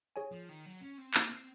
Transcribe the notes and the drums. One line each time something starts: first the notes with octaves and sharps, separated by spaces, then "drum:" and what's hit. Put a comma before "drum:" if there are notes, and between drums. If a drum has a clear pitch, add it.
G#4 C#5 G#5
F3
D#3
F#3
C#4
C4
A#3, drum: clap
C4